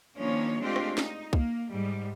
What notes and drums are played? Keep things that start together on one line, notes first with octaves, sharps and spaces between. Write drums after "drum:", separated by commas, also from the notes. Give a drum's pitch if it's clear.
D#3 F3 A#3 C#4 D4 C#5
G#3 A3 C4 D4 F4 G4
drum: rim click
D#4, drum: snare
A#3, drum: kick C2
G#2 G3